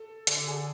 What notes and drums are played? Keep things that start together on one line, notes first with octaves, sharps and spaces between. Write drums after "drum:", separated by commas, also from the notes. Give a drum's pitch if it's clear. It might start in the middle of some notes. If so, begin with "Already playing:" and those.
Already playing: A4
D3 A4, drum: hi-hat
G#4